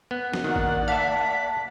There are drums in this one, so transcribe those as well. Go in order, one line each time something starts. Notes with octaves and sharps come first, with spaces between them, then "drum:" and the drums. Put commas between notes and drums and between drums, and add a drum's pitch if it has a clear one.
B3 F#6
drum: snare
D#3 A#3 D5 F#5
drum: kick A1
E5 F5 A5 B6